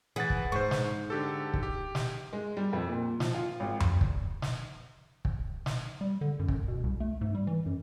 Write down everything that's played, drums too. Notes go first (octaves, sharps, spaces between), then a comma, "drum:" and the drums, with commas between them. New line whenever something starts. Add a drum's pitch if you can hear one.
E3 G#4 F#5 A6
drum: kick
G#2 C5 C#6
drum: snare
D3 G4 A4
drum: kick
G4
drum: snare
G#3
G3
F2
A#2
F3, drum: snare
F4
G#1
drum: tom F2
drum: kick
drum: snare
drum: kick
drum: snare
G3
D3
F#2
drum: kick
B2
C2
A3
G#2
G3
E3
F#2